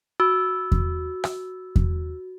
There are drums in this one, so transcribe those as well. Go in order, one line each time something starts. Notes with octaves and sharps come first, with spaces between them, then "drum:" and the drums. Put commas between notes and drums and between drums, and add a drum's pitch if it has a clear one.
F#4 E6
drum: kick E2
drum: rim click
drum: kick E2